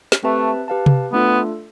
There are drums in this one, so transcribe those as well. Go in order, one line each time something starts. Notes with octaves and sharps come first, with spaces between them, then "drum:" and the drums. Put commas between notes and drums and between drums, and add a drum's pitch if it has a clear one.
drum: snare
A3 C4 G4 B4 E5 A5
G4 B4 F5 A5
drum: tom C3
A3 B3 D4 F4 A4